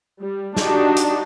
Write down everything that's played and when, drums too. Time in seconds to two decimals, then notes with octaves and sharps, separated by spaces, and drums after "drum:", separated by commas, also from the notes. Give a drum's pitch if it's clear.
0.20 G3
0.57 D4 D#4 F#4 G4, drum: snare
0.96 drum: hi-hat